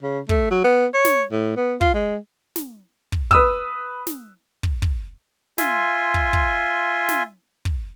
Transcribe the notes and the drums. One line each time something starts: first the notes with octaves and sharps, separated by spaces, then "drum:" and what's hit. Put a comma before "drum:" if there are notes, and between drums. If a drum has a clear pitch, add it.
C#3
A3, drum: kick
F#3
B3
C#5
drum: snare
A2
B3
F4, drum: kick
G#3
drum: snare
drum: kick
B4 D#6 E6, drum: kick
drum: snare
drum: kick
drum: kick
F4 E5 G#5 C6, drum: snare
drum: kick
drum: kick
drum: snare
drum: kick